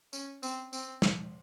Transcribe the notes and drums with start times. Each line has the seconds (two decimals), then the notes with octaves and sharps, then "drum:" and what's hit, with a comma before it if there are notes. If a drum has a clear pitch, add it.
0.13 C#4, drum: tambourine
0.43 C4, drum: tambourine
0.73 C4, drum: tambourine
1.02 drum: snare